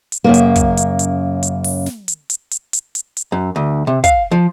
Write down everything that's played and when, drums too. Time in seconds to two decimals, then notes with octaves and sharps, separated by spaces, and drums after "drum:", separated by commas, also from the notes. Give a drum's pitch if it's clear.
0.12 drum: hi-hat
0.24 F#2 C#3 A#3
0.34 drum: hi-hat
0.56 drum: kick, hi-hat
0.77 drum: hi-hat
0.99 drum: hi-hat
1.43 drum: hi-hat
1.64 drum: open hi-hat
1.86 drum: snare
2.08 drum: hi-hat
2.30 drum: hi-hat
2.51 drum: hi-hat
2.73 drum: hi-hat
2.95 drum: hi-hat
3.17 drum: hi-hat
3.32 F#2
3.56 D2
3.87 C3
4.04 F5, drum: kick, hi-hat
4.31 F3